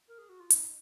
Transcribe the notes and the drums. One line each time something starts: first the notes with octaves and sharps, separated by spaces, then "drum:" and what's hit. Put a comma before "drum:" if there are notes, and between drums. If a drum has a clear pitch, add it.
A#4
G#4
F#4
F4
D#4, drum: hi-hat